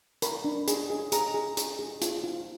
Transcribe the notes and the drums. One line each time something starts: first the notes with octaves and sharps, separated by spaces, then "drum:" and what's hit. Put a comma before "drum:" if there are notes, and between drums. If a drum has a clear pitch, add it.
A#4 B5, drum: hi-hat
D4
G#4, drum: hi-hat
G#4
G#4 A#5, drum: hi-hat
G#4
G#4, drum: hi-hat
G#4
F4, drum: hi-hat
F4